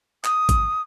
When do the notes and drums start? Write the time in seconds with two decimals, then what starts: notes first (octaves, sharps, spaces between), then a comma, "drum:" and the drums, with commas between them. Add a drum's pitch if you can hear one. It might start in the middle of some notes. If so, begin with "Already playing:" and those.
0.25 D#6, drum: clap
0.49 drum: kick, hi-hat